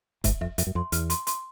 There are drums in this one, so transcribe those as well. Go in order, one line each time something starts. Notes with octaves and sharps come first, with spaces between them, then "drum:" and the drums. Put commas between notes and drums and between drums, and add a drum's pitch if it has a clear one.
G#2 E5, drum: kick, hi-hat
F2 E5
F2 E5, drum: hi-hat
F#2
F2 C6
E2 F6, drum: hi-hat
C6, drum: hi-hat
C6, drum: hi-hat